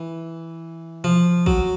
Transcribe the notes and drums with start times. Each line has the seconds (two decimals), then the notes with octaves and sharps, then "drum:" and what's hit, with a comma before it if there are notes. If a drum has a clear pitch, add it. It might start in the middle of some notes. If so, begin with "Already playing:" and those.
Already playing: E3
1.04 F3, drum: tom B2
1.46 F#3, drum: kick